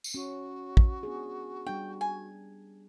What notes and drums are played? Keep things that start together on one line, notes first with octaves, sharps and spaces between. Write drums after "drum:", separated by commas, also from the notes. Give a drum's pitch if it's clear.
drum: tambourine
C#4 F#4
drum: kick
B3 D4 G#4
G3 D4 G5
G#5